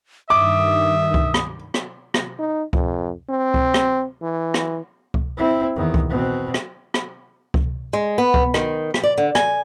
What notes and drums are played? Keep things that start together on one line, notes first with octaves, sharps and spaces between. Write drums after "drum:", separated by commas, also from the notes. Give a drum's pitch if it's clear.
G2 D#3 E5 D6 D#6
drum: kick C#2
drum: rim click
drum: rim click
drum: rim click
D#4
F2, drum: kick C#2
C4
drum: kick C#2
drum: rim click
E3
drum: rim click
drum: kick C#2
C4 E4
E2 D#3
drum: kick C#2
B2 C4
drum: rim click
drum: rim click
drum: kick C#2
G#3
B3
drum: kick C#2
D#3, drum: rim click
drum: rim click
D5
D3
G#5, drum: rim click